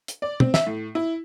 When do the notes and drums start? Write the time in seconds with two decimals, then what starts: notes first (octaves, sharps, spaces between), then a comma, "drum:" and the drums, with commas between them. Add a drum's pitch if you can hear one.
0.08 drum: hi-hat
0.22 D5
0.40 C4, drum: tom
0.54 E5, drum: snare
0.67 A2
0.95 E4